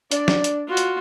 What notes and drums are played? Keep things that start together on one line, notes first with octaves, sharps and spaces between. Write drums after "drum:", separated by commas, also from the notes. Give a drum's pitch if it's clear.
D4 D5, drum: hi-hat
drum: snare
drum: hi-hat
F4 F#4
drum: hi-hat